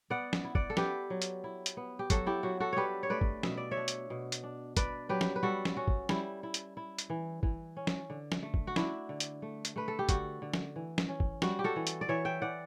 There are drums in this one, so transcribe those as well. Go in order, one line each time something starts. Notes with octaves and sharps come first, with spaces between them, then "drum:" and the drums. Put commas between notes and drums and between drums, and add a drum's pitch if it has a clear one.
B3 D5 F#5
drum: snare
E4
D5 F#5, drum: kick
A4
E4 G4 B4, drum: snare
F#3
drum: hi-hat
E4
drum: hi-hat
B3
G4
F#3 F#4 A4, drum: kick, hi-hat
E4 G4
F#3 F#4
F#4 A4
D4 G4 B4 C#5
C#5
A3 B4 D5
drum: kick
B2 E5, drum: snare
D5
C#5 E5
D4
drum: hi-hat
B2
drum: hi-hat
D4
D4 B4 D5, drum: kick, hi-hat
F#3 G4 B4
drum: snare
B4
G3 F#4 A4
drum: snare
C#4 F#4
drum: kick
G3 E4, drum: snare
E4
drum: hi-hat
E4
drum: hi-hat
E3
E3, drum: kick
C#4
drum: snare
D3
drum: snare
A3
drum: kick
F#4
D4 E4, drum: snare
D3
drum: hi-hat
A3
drum: hi-hat
A3 B4
A4
G4
D3 F#4, drum: kick, hi-hat
D3
drum: snare
E3
drum: snare
C#4
drum: kick
G3 F#4, drum: snare
G4
F#4 A4
E3
drum: hi-hat
D5
E3 C#5 E5
E5 G5
E3 D5 F#5